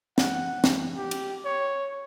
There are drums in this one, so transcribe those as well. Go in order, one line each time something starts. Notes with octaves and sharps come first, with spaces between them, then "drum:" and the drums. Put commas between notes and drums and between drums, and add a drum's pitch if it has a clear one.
F#5, drum: snare
drum: snare
G4
drum: cymbal
C#5